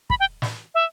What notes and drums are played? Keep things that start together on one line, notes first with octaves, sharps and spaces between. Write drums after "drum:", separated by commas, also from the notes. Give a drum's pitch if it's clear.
B5, drum: kick
G5
drum: snare
E5